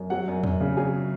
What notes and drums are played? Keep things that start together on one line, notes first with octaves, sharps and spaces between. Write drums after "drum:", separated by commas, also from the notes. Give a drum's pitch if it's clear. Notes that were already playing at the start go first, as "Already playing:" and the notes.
Already playing: F#2
F#3 F#5
F#2
F#2, drum: tom E2
C#3
F#3 G#4